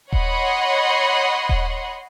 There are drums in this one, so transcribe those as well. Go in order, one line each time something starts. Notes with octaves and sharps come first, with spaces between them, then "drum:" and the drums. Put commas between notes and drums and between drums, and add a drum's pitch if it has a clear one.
C#5 D#5 F#5 B5 C6, drum: kick D#1
drum: kick D#1